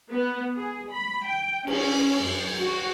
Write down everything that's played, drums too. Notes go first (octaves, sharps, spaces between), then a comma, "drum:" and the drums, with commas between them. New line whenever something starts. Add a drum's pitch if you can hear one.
B3
G#4
B5
G5
C#4, drum: cymbal
F#2
F#4